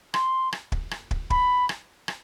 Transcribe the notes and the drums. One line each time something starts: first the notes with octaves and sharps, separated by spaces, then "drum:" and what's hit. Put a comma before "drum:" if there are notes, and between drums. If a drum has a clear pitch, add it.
C6, drum: rim click
drum: rim click
drum: kick
drum: rim click
drum: kick
B5, drum: kick
drum: rim click
drum: rim click